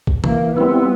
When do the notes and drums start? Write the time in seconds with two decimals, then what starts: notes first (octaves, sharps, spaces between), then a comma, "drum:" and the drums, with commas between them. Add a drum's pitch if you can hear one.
0.07 drum: kick
0.24 E3 A#3, drum: tom
0.56 G3 B3 C4 E4